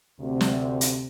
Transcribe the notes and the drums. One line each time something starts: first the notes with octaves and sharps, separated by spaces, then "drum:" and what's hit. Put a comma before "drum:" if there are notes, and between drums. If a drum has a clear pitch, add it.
D2 C3
drum: snare
drum: hi-hat